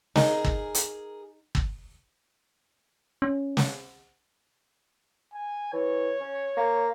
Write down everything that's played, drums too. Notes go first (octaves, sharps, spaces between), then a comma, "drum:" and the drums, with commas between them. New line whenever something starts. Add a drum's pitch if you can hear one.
D#4 G#4 A#4, drum: snare
drum: kick
drum: hi-hat
drum: kick
C#4
drum: snare
G#5
E3 C#5
C#4
A#3